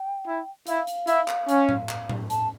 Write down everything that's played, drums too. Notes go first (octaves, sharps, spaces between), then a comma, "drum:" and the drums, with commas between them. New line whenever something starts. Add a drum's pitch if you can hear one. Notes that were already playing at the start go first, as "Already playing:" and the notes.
Already playing: G5
E4
E4 F5, drum: hi-hat
drum: hi-hat
E4, drum: hi-hat
drum: clap
C#4, drum: hi-hat
drum: tom A2
drum: clap
drum: tom A2
A5, drum: hi-hat